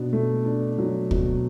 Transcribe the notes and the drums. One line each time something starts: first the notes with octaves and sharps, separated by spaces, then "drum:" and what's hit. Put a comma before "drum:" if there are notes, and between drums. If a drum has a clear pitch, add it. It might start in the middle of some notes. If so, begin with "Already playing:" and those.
Already playing: B2 D4
A3
D4
F#3
B2, drum: kick